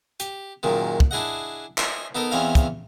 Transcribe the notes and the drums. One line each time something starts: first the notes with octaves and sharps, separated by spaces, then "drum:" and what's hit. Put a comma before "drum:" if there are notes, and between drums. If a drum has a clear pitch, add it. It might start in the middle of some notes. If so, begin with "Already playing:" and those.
G4, drum: hi-hat
F#2 A#2 D#3 G#3
drum: kick
D4 E4 G#4 D#5 F#5
D#5 E5 G#5 C6, drum: clap
B3 D#4 A4 A#4
E2 E3 C4 C#5 D#5 F5
drum: kick, hi-hat